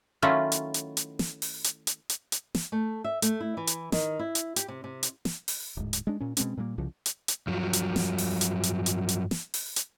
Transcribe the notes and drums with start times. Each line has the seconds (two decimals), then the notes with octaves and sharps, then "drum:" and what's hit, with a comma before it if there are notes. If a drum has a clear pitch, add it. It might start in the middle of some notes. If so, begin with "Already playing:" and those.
0.22 D#3 F#3 A3 C#4 E4 F4
0.52 drum: hi-hat
0.74 drum: hi-hat
0.97 drum: hi-hat
1.19 drum: snare
1.42 drum: open hi-hat
1.64 drum: hi-hat
1.87 drum: hi-hat
2.09 drum: hi-hat
2.32 drum: hi-hat
2.55 drum: snare
2.72 A3
3.04 E5
3.22 A3, drum: hi-hat
3.40 E4
3.57 E3
3.67 drum: hi-hat
3.92 D#3, drum: snare
4.19 E4
4.35 drum: hi-hat
4.56 G4, drum: hi-hat
4.68 C3
4.84 C3
5.03 drum: hi-hat
5.25 drum: snare
5.48 drum: open hi-hat
5.77 D1 G#2
5.93 drum: hi-hat
6.07 G#3 D4
6.20 A#2 C#4
6.37 B2 G#3 C4 C#4, drum: hi-hat
6.57 A#2 G3 G#3 A#3
6.78 C2 C#3 F3
7.06 drum: hi-hat
7.28 drum: hi-hat
7.47 G2 F3 F#3
7.73 drum: hi-hat
7.96 drum: snare
8.18 drum: open hi-hat
8.41 drum: hi-hat
8.63 drum: hi-hat
8.86 drum: hi-hat
9.09 drum: hi-hat
9.31 drum: snare
9.54 drum: open hi-hat
9.76 drum: hi-hat